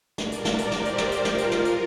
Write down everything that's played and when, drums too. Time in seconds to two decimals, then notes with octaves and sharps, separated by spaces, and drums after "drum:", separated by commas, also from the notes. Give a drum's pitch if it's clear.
0.18 A#4 D5, drum: snare
0.32 drum: hi-hat
0.45 drum: snare
0.58 drum: hi-hat
0.71 G4 C5, drum: snare
0.85 drum: hi-hat
0.98 drum: snare
1.12 drum: hi-hat
1.25 F4 A#4, drum: snare
1.38 drum: hi-hat
1.52 drum: snare
1.65 drum: hi-hat